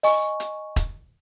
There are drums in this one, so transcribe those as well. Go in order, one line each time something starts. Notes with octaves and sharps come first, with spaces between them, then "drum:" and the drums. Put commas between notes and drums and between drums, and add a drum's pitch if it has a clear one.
D#5 G#5 C#6, drum: open hi-hat
drum: hi-hat
drum: kick E1, hi-hat